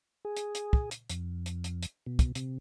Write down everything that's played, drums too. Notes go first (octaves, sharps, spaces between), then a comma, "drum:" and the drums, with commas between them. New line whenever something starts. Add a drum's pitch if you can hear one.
G#4
drum: hi-hat
drum: hi-hat
drum: kick
drum: hi-hat
F2, drum: hi-hat
drum: hi-hat
drum: hi-hat
drum: hi-hat
B2
drum: kick, hi-hat
C3, drum: hi-hat